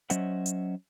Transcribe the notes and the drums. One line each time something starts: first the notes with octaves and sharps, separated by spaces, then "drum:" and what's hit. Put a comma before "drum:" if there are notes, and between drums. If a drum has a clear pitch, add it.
F#3 C#4 C5 D#5 E5 F#5, drum: hi-hat
drum: hi-hat